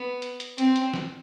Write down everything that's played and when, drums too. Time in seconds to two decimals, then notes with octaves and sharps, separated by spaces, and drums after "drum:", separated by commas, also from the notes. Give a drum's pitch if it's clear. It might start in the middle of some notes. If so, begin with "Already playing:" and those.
Already playing: B3
0.22 drum: hi-hat
0.40 drum: hi-hat
0.58 C4, drum: hi-hat
0.76 drum: hi-hat
0.94 drum: snare